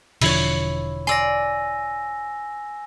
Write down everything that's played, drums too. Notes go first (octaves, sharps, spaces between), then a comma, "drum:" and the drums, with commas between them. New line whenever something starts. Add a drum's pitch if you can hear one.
E1 D3 F3 E4 C#5, drum: open hi-hat
D5 G#5 C6 E6 A#6